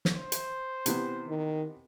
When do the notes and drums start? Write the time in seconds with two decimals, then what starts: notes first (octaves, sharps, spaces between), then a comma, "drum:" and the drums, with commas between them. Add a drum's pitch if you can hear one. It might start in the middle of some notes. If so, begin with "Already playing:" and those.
0.05 drum: snare
0.15 C5
0.32 drum: hi-hat
0.86 C3 E3 B3, drum: hi-hat
1.28 D#3